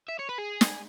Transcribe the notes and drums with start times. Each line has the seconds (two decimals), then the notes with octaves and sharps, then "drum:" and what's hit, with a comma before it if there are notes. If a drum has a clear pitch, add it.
0.09 E5
0.19 C#5
0.29 B4
0.39 G#4
0.61 drum: snare